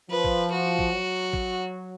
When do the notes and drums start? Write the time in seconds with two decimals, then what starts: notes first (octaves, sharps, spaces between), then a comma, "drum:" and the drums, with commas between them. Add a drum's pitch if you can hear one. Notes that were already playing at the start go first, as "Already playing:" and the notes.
0.10 F3 B4
0.24 drum: kick
0.52 F#4
0.79 drum: kick
0.92 F#3
1.33 drum: kick